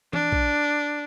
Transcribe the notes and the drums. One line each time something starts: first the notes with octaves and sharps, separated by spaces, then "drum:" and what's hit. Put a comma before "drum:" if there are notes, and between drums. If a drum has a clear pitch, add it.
D4, drum: tom E3
drum: kick A#1